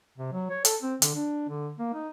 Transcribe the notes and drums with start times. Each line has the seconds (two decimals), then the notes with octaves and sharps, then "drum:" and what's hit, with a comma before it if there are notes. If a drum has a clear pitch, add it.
0.18 C3
0.32 F#3
0.50 C#5
0.65 A4, drum: hi-hat
0.82 C4
1.02 D3, drum: hi-hat
1.15 D4
1.49 D3
1.79 A#3
1.94 D#4